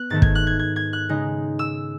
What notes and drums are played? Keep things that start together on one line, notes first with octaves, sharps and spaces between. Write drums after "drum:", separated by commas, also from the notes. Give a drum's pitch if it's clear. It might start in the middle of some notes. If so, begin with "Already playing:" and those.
Already playing: B3 F#6
G#2 D#3 A3 A6
G#6, drum: kick
F#6
G#6
G#6
G#6
F#6
C#3 G#3 D#4
E6